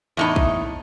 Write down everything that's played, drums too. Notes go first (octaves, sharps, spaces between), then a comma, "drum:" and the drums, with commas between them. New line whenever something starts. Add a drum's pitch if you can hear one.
E2 A2 D#4
drum: kick